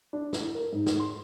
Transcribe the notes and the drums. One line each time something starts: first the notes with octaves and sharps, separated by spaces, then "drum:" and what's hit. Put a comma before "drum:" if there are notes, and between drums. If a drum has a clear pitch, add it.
D4
E4, drum: snare
A#4
G#2
drum: snare
C6